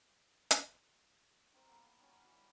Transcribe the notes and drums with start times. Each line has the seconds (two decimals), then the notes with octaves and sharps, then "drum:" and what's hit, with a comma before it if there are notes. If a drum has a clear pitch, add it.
0.51 drum: hi-hat
1.54 D#3 C4 A#4
1.67 A#3 B3 A4 F5
1.85 F#5
2.00 D#3 F#3 C#4 C#5
2.20 E3 F#4 B4 F#5
2.35 G3 A#4